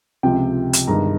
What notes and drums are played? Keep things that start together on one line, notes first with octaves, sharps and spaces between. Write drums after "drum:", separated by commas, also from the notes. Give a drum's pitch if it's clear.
C#2 C3 F3 G5
drum: hi-hat
G1 G2 D#3 G#3 A#5